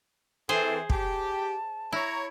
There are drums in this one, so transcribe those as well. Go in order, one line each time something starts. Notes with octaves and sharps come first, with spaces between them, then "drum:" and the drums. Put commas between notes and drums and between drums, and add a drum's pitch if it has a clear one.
E3 C4 G#4 A4 C5
G4 A5, drum: kick
E4 C#5 A#5